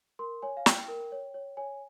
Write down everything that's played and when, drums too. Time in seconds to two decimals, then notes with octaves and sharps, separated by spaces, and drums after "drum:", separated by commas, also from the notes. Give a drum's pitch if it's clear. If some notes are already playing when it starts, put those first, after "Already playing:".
0.19 A#4 C6
0.42 C#5 G#5
0.57 F5
0.66 E4 G5, drum: snare
0.88 A#4
1.12 C#5
1.34 C#5
1.57 C#5 G#5